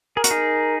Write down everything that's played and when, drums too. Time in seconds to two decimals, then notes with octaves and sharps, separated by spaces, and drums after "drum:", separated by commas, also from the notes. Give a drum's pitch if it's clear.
0.16 G#4 A#4
0.24 F#4, drum: hi-hat
0.30 D#4 G#4